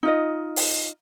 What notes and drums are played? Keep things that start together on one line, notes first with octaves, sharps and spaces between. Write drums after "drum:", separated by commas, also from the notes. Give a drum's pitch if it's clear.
D#4 F4 D#5
drum: open hi-hat